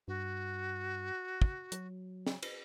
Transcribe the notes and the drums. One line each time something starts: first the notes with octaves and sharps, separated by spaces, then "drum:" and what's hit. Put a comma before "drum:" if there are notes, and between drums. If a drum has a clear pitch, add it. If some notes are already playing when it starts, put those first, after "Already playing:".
G2 F#4
drum: kick
F#3, drum: hi-hat
drum: snare
drum: cymbal